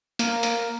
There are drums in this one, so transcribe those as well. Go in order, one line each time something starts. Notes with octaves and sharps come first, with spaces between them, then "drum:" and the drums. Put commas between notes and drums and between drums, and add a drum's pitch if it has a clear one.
A#3, drum: hi-hat
drum: hi-hat